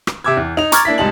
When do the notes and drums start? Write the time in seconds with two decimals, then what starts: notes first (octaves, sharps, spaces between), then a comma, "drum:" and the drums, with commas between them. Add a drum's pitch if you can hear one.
0.07 drum: rim click
0.24 C3 E5 D6 E6 G#6
0.37 E2
0.57 D#4 F7
0.72 A#5 C#6 D6 F6 G#6 A6, drum: hi-hat
0.85 A#3 D4 E4 B6
0.98 F1 G#2 G3 D#4 A5 F#7